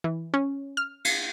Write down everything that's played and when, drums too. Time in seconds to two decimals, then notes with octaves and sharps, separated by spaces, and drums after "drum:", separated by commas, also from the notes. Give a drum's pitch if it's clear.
0.04 E3
0.34 C#4
0.77 F6
1.05 drum: cymbal